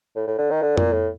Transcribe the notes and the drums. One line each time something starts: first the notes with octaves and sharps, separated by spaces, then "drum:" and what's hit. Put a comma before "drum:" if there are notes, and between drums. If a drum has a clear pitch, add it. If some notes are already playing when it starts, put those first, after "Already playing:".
A2
A2
D3
D#3
D3
A#2, drum: tom F2
A2